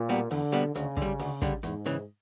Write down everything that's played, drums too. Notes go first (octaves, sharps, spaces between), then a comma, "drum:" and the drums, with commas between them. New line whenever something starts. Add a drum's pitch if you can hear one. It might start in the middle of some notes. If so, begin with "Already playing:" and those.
Already playing: A#2
B2 G3 B3
E2 D3, drum: open hi-hat
B2 G3 B3, drum: hi-hat
D2 C#3, drum: hi-hat
D3, drum: kick
G3
D2, drum: open hi-hat
D3 G3, drum: kick, hi-hat
E2 G#2, drum: hi-hat
C#3 E3, drum: hi-hat